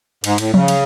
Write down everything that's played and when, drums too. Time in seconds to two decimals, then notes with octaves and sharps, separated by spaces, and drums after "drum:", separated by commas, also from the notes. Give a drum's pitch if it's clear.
0.24 G#2, drum: cymbal
0.38 A2, drum: cymbal
0.54 C#3, drum: tom F3
0.68 drum: cymbal